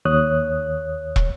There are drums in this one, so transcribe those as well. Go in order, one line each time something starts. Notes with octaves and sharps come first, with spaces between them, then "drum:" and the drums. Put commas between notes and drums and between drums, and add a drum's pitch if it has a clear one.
D#2 C#5 D#6 F#6
drum: kick